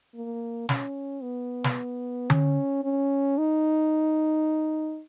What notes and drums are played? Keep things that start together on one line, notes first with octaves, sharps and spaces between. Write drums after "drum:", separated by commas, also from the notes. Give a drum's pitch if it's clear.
A#3
C#4, drum: snare
B3
drum: snare
C#4, drum: tom D3
C#4
D#4